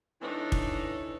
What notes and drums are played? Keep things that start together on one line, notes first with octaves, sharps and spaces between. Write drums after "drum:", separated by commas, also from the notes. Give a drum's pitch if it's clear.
E3 D4 D#4 A4 C#5
drum: kick